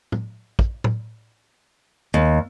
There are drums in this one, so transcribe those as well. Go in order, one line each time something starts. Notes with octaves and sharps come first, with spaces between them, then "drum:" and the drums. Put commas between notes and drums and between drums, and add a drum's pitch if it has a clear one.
drum: tom
drum: kick
drum: tom A2
D#2